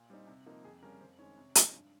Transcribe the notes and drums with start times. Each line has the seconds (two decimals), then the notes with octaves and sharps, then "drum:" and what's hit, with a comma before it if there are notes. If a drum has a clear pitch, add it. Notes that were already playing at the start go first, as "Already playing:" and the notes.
Already playing: A#2
0.10 G3 C4 D#4
0.27 C3
0.46 F3 A#3 D#4
0.64 F2 G#4
0.82 C#3 G3 C#4 A#4
1.01 F2 C5
1.19 D#3 G#3 C#4 C#5
1.37 C3
1.55 F3 G#3 D#4, drum: hi-hat
1.73 G2